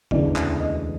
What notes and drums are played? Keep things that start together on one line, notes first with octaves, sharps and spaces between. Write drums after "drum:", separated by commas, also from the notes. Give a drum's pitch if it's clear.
E1 D2 C#3 E3 D5, drum: kick
drum: clap
D#5